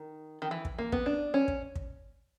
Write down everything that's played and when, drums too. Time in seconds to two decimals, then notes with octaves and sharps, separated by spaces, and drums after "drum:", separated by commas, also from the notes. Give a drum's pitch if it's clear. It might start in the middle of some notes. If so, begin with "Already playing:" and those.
Already playing: D#3
0.42 D#3
0.51 E3
0.65 drum: kick
0.78 A#3
0.92 B3, drum: kick
1.06 D4
1.34 C#4
1.48 drum: kick
1.76 drum: kick